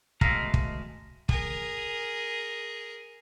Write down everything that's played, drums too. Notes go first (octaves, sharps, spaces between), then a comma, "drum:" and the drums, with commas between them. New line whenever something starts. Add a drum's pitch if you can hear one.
B2 G#3 A3 E5 F5 A#5, drum: kick
drum: kick
G#4 A#4, drum: kick